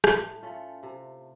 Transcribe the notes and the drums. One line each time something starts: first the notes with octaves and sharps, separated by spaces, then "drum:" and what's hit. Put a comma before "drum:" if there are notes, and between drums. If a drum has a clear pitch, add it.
A2, drum: rim click
A3 C#4 F4
C3